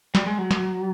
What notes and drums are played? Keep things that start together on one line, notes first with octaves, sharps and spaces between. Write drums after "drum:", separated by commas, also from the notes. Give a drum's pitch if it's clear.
G3, drum: snare
G#3
F#3
drum: snare